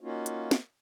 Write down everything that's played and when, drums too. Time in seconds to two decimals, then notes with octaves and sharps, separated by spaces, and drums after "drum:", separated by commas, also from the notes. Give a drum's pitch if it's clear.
0.01 A#3 C#4 D#4 F4 F#4
0.26 drum: hi-hat
0.51 drum: snare